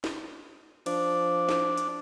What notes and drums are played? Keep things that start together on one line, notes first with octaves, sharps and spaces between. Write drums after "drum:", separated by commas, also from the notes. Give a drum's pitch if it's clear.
drum: snare
F3 D4, drum: cymbal
drum: snare
drum: hi-hat